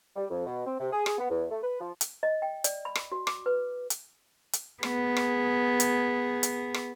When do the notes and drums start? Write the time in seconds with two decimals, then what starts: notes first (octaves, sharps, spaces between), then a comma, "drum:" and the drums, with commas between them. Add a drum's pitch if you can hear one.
0.15 G3
0.30 F2
0.46 B2
0.66 C4
0.80 C3
0.92 G#4
1.06 G#4, drum: rim click
1.18 B3
1.30 E2
1.51 A3
1.63 B4
1.80 F3
2.01 drum: hi-hat
2.23 D#5
2.42 G5
2.64 D5, drum: hi-hat
2.85 B5
2.95 drum: rim click
3.12 F#4
3.27 D6, drum: rim click
3.46 B4
3.90 drum: hi-hat
4.53 drum: hi-hat
4.83 B3 G#4, drum: rim click
5.17 drum: rim click
5.80 drum: hi-hat
6.43 drum: hi-hat
6.74 drum: rim click